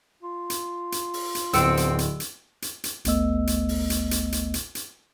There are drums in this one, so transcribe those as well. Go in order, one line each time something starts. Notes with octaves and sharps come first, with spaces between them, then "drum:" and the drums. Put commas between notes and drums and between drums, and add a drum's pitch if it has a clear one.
F4
drum: hi-hat
drum: hi-hat
drum: open hi-hat
drum: hi-hat
D1 F3 B3 C4 E6 C#7 D7, drum: hi-hat
drum: hi-hat
drum: hi-hat
drum: hi-hat
drum: hi-hat
drum: hi-hat
G#1 D2 A3 B3 D#5 E6, drum: hi-hat
drum: hi-hat
drum: open hi-hat
drum: hi-hat
drum: hi-hat
drum: hi-hat
drum: hi-hat
drum: hi-hat